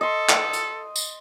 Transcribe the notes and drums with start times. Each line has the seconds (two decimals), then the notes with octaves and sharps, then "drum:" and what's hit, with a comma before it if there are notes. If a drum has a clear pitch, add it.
0.01 A4 D#5 C6
0.29 drum: clap
0.53 drum: hi-hat
0.96 drum: tambourine